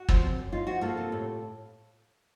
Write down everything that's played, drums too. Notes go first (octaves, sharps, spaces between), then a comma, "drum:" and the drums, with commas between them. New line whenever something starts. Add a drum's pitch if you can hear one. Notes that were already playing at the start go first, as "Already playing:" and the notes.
Already playing: F#4
F3, drum: kick
C4
F#2
D#4 F4
F3 F#4
A#3 F4 A4
C3
A2